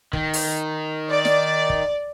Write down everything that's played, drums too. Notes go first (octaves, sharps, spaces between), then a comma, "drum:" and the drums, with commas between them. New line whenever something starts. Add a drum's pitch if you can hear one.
D#3, drum: kick
drum: open hi-hat
D5
drum: snare
drum: kick